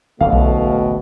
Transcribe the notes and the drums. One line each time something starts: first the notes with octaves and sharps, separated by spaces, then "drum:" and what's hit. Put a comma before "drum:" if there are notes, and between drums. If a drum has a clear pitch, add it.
D1 A1 G#2 B2 E3 F#3 A3 F5
drum: kick B1